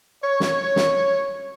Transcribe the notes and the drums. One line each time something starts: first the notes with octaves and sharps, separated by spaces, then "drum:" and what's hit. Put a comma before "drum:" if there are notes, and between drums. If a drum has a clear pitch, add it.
C#5
drum: snare
drum: snare